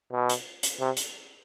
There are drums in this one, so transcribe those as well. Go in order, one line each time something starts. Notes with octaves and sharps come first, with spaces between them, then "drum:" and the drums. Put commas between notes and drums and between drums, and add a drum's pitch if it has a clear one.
B2
drum: hi-hat
drum: hi-hat
C3
drum: hi-hat